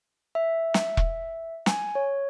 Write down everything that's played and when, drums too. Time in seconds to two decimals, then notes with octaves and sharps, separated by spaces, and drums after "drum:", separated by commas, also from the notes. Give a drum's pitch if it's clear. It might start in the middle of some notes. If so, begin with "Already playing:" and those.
0.35 E5
0.74 drum: snare
0.97 drum: kick E1
1.66 G#5, drum: snare
1.95 C#5